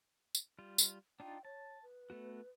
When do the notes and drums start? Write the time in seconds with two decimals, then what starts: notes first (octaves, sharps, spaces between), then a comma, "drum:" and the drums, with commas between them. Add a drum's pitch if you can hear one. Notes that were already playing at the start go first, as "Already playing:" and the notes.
0.35 drum: tambourine
0.59 G3 F4
0.78 drum: tambourine
1.20 D4 D#4 F4 G5
1.45 C#5 A5
1.83 B4
2.10 A3 B3 F#4